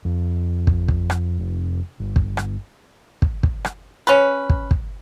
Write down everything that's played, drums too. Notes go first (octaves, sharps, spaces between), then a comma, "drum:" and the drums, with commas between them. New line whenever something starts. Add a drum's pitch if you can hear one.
F2
drum: kick
drum: kick
drum: rim click
F1
G1
drum: kick
drum: rim click
drum: kick
drum: kick
drum: rim click
C#4 B4
drum: kick
drum: kick